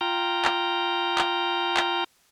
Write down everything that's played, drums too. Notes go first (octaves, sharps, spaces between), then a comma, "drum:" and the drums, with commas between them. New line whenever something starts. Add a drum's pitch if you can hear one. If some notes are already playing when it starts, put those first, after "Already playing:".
F4 G5 A#5
drum: clap
drum: clap
drum: clap